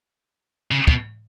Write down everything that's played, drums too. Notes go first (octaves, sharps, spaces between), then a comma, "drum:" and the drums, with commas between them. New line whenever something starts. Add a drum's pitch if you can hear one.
C#3
B2, drum: kick